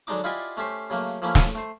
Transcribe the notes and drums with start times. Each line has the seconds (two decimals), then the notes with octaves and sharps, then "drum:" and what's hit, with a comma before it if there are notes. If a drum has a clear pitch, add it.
0.07 D3 F#3 G#3 D4 D#4 D6
0.24 E4 F4 G4 D5 D#5 G#5
0.57 A3 C#4 G4 C5
0.90 C#3 F#3 A3 A#3
1.22 F3 A3 A#3 C#4 E4
1.35 drum: snare
1.55 A3 C5